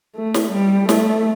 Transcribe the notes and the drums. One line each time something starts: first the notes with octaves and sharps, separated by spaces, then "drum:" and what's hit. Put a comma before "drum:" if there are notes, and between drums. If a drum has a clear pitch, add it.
A3
drum: snare
G3
A3, drum: snare